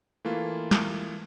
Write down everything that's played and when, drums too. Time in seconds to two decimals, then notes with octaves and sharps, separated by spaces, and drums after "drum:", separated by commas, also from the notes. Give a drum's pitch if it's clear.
0.25 E3 A3 A#3 F4
0.71 drum: snare